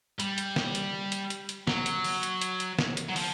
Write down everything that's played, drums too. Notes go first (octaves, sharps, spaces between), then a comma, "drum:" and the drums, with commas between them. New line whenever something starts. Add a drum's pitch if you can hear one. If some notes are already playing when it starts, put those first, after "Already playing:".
G3, drum: hi-hat
drum: hi-hat
drum: snare
drum: hi-hat
drum: hi-hat
drum: hi-hat
drum: hi-hat
F#3, drum: snare
drum: hi-hat
drum: open hi-hat
drum: hi-hat
drum: hi-hat
drum: hi-hat
drum: snare
drum: hi-hat
F#3
F3, drum: open hi-hat